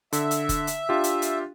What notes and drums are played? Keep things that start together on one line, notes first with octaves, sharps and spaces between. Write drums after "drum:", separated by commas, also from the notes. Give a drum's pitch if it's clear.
D3 E5, drum: hi-hat
drum: hi-hat
drum: kick F1, hi-hat
drum: hi-hat
D4 F4 G4
drum: hi-hat
drum: hi-hat